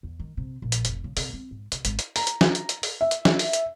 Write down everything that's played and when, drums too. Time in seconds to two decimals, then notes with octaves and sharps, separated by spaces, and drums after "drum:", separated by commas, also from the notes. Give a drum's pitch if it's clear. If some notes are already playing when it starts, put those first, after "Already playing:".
0.03 E2
0.19 D#3
0.37 C3
0.62 A#1
0.72 drum: hi-hat
0.85 F1, drum: hi-hat
1.04 C#3
1.17 C3, drum: open hi-hat
1.33 C4
1.51 G#2
1.72 C3, drum: hi-hat
1.85 G#1, drum: hi-hat
1.99 drum: hi-hat
2.16 A#5, drum: open hi-hat
2.27 drum: hi-hat
2.41 drum: snare
2.55 drum: hi-hat
2.69 drum: hi-hat
2.83 drum: open hi-hat
3.01 E5
3.11 drum: hi-hat
3.25 drum: snare
3.39 drum: open hi-hat
3.53 drum: hi-hat